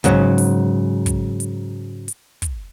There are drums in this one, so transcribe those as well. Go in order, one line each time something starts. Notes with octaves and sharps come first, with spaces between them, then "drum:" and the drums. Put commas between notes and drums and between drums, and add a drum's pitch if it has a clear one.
G#2 C#3 F#3, drum: kick, hi-hat
drum: open hi-hat
drum: kick, hi-hat
drum: hi-hat
drum: hi-hat
drum: kick, hi-hat